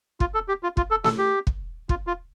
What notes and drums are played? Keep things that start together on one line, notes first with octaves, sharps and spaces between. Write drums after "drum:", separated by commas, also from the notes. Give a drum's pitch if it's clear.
F4, drum: kick
A4
G4
F4
F4, drum: kick
A4
A4, drum: snare A3
G4
drum: kick
F4, drum: kick
F4